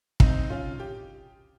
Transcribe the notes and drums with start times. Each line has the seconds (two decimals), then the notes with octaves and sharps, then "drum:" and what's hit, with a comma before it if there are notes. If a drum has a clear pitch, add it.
0.20 C4 D#4, drum: kick
0.50 C#4 F4
0.79 G4